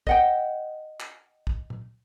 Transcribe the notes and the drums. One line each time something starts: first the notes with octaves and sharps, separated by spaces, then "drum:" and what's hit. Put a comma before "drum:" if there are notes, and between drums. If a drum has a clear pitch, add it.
D#5 F#5 G5, drum: kick
drum: clap
drum: kick
drum: tom A#2